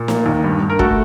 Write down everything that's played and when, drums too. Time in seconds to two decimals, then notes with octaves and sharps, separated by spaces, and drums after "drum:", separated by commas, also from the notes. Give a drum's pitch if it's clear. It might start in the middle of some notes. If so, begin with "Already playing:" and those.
Already playing: A#2
0.08 A#3, drum: snare
0.26 D#2
0.44 G2
0.62 G2
0.70 A#4
0.79 A3 F#4 A4, drum: kick